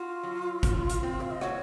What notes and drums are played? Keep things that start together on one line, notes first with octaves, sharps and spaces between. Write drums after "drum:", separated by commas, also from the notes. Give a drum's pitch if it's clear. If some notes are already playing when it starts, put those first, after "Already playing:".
Already playing: F4 F#4
F#3
A#2, drum: kick, hi-hat
drum: hi-hat
C4
F5
D#5
F#4 C#5, drum: rim click